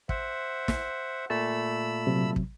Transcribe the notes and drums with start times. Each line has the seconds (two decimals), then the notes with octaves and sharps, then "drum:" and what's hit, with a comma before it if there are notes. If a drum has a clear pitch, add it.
0.09 C5 E5 F#5, drum: kick
0.68 drum: snare
1.30 A#2 A3 A5 B5 E6
2.07 C3 F#3
2.36 drum: kick